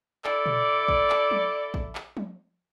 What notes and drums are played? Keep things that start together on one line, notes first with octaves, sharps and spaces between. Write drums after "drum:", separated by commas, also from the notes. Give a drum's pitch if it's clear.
E4 A4 D5, drum: clap
drum: tom A#2
drum: kick A#1
drum: clap
drum: tom
drum: kick A#1
drum: clap
drum: tom